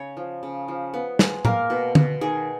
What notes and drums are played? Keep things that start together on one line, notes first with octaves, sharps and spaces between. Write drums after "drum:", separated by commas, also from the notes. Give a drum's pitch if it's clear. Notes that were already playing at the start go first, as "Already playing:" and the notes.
Already playing: C#3 C#5
F3
C#3
F3
B3
G#3, drum: snare
A#3 A#4, drum: tom A2
B2
B2, drum: tom
D#3 G#4